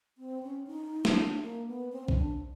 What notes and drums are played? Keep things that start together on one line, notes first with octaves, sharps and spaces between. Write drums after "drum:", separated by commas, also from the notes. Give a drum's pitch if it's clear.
C4
C#4
D#4
D4, drum: snare
A#3
B3
C4
C#4, drum: kick B1
D4